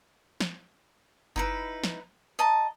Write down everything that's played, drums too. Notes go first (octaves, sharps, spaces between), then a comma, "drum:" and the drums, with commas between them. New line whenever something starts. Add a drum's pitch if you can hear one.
drum: snare
D#4 E4 B4, drum: kick F#1
drum: snare
D#5 A5 A#5